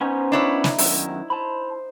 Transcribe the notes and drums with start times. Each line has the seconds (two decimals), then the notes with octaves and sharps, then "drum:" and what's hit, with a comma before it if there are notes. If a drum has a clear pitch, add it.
0.01 B3 C#4 D#4 C5 G#5
0.32 D4 E4 C#5 B5
0.64 drum: snare
0.78 F#2 D#3 E4, drum: open hi-hat
1.30 C5 A5 B5